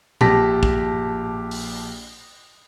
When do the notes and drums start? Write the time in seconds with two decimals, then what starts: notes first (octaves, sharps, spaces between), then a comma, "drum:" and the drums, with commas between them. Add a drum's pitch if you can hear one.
0.21 A#1 G4 A5 A#6 B6, drum: tom A#2
0.63 drum: kick
1.51 drum: open hi-hat